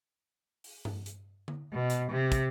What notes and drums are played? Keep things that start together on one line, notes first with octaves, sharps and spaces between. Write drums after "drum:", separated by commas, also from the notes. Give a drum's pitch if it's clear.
drum: open hi-hat
drum: tom G2
drum: hi-hat
drum: tom D3
B2
drum: hi-hat
C3
drum: kick, hi-hat